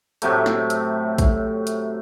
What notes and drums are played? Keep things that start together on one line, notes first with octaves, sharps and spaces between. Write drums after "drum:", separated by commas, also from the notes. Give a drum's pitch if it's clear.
A2 C3 F#3 A3, drum: hi-hat
drum: snare
drum: hi-hat
drum: kick A1, hi-hat
drum: hi-hat